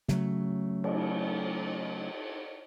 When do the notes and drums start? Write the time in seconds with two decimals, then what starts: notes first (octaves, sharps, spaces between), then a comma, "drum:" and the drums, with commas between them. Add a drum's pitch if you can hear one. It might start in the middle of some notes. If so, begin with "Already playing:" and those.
0.08 C#3 F#3 A3, drum: snare
0.84 drum: cymbal